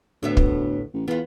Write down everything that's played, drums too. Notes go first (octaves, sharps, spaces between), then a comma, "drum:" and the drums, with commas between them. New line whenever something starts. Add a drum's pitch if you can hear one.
D2 A2 B3 E5
drum: kick
A1
E2 B3 F4